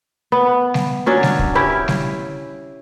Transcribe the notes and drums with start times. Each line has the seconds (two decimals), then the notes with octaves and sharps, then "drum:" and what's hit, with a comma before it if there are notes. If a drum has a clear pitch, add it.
0.32 B3
0.74 drum: snare G3
1.06 F#3 C#4 D4
1.23 drum: snare G3
1.39 drum: kick
1.55 C#4 E4 G4
1.88 drum: snare G3